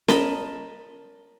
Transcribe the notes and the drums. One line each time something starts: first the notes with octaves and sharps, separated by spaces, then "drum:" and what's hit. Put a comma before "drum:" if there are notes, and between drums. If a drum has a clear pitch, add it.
A#4 D#5 A5 B5, drum: snare C#4